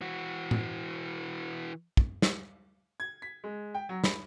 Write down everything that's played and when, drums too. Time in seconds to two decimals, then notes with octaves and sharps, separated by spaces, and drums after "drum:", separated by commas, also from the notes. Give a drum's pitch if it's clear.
0.01 E3 F#4
0.51 drum: tom A2
1.97 drum: kick
2.22 drum: snare
3.00 G#6
3.22 B6
3.44 G#3
3.75 G5
3.89 F#3
4.04 B5, drum: snare